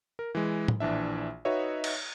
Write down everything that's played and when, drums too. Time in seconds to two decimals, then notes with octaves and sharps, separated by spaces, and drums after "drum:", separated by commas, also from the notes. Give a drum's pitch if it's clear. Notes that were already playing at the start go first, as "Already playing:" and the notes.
0.19 A#4
0.35 E3 G#3
0.68 drum: tom A2
0.80 A#1 E3 D4 E5
1.45 D#4 F#4 B4 C#5 D#5 E5
1.84 drum: cymbal